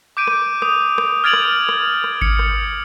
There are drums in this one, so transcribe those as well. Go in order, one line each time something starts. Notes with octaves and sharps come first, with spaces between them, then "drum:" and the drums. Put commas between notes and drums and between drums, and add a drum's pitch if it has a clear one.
D6 G6 D7 D#7
drum: rim click
D#6, drum: rim click
drum: rim click
F6 G#6 A6 D7 F7 F#7
drum: rim click
drum: rim click
drum: rim click
C#7, drum: kick G#1
drum: rim click